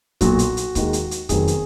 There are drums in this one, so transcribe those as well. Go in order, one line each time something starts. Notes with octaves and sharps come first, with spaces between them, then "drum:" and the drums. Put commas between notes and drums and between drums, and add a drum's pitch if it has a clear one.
B1 A#2 F#3 F#4, drum: kick C#1, hi-hat
drum: hi-hat
drum: hi-hat
D#2 D#3 G#3, drum: kick C#1, hi-hat
drum: hi-hat
drum: hi-hat
F1 F2 D#3 F#3 B3 G#4, drum: kick C#1, hi-hat
drum: hi-hat